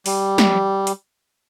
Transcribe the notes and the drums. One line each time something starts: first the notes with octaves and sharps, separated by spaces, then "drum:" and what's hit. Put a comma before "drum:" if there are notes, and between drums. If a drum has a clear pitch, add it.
G3, drum: open hi-hat
drum: snare
drum: hi-hat